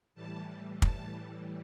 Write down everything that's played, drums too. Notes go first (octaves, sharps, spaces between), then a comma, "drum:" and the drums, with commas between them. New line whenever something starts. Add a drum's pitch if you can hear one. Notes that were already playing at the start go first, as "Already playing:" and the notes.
A2 E3 G3 A5
A5, drum: kick